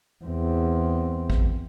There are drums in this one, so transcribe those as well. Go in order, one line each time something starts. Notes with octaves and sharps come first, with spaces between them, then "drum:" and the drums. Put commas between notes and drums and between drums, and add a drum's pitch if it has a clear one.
E2 C4
drum: kick A1